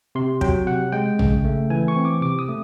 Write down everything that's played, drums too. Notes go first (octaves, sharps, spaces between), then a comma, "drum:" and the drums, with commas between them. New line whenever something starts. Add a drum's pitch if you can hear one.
C3 C6
F#3 G5, drum: kick
C3 F#5
G#3 G5
C#3, drum: tom A#1
A3
E3 G#5
C#6
C4
D6
C3 D6
D#6
A3